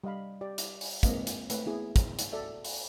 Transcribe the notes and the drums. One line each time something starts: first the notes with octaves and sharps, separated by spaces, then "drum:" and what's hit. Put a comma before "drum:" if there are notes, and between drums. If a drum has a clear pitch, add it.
G3 D#5 F5 B5
G4 D5
drum: hi-hat
drum: open hi-hat
G#3 A#3 C4 B4 D#5 F5, drum: kick, hi-hat
drum: hi-hat
A3 B4 C#5, drum: hi-hat
B3 E4 G#4
drum: kick, hi-hat
drum: hi-hat
F#4 A4 D5 E5
drum: open hi-hat